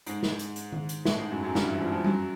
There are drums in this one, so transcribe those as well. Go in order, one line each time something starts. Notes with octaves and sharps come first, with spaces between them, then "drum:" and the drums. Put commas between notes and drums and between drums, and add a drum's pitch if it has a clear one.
G#2 G#3, drum: hi-hat
drum: snare
drum: hi-hat
drum: hi-hat
drum: tom D#3
drum: hi-hat
A2 A3, drum: snare
G#2 G#3
F#2 F#3
F#2 F#3
G2 G3, drum: snare
E3
F2 F3
F2 F3
F#2 F#3, drum: tom G3